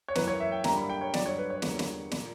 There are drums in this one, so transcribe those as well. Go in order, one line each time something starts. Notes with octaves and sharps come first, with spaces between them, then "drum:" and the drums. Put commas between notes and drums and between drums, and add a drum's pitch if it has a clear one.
C#5
F#2 E3 A#3 B4, drum: snare
C#5
E5
G5
G2 D3 G3 A#3 A#5, drum: snare
B5
G5
C#5
G2 D3 F#3 D5, drum: snare
C#5
B4
C#5
E2 D3 G3 A#3, drum: snare
drum: snare
A#2 A#3, drum: snare